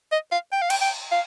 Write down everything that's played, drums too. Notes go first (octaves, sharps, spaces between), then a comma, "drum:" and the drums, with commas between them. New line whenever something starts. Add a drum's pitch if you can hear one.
D#5
F5
G5
F5
G5, drum: cymbal
G5
F5